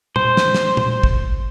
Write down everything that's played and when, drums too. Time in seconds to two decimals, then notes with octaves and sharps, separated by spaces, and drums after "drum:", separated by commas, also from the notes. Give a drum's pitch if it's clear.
0.16 C5, drum: tom
0.37 drum: snare
0.54 drum: snare
0.77 drum: tom
1.03 drum: kick